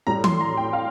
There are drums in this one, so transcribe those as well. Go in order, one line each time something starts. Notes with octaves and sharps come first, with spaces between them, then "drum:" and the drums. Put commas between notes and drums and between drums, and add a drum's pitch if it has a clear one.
A2 G3 A#5
C6, drum: tom E3
A#5
G5
F5